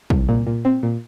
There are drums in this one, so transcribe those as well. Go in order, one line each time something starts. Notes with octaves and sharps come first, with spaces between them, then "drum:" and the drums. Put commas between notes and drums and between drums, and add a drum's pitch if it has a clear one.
C2, drum: kick
A#2
A#2
C4
A#2